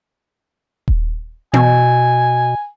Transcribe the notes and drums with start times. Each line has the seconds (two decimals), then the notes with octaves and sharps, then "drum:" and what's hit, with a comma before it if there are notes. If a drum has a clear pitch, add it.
0.88 drum: kick D#1
1.54 B2 G#5, drum: tom B3